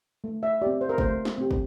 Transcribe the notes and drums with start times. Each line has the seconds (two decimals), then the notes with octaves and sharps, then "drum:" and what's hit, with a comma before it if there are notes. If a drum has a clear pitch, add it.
0.24 A3
0.43 E5
0.62 C4 G4 D5
0.81 C5
0.89 A#4
0.98 A3 C5, drum: kick
1.25 drum: snare
1.38 C4 G4
1.51 drum: kick